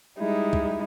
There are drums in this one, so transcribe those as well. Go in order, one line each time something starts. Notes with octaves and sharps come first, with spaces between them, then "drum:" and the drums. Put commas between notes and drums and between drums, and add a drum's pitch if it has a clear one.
G3 G#3 D#4 E4
drum: kick